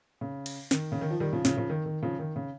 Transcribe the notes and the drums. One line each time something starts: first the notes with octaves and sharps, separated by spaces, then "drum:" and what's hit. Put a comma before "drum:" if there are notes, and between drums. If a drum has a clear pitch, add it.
C#3
drum: cymbal
D#3, drum: snare
C#3
D#3
F3
D#3 G3
C#3 F3
C#3 F3, drum: snare
C#3 F3
D#3
D#3
C#3 F3
D#3
C#3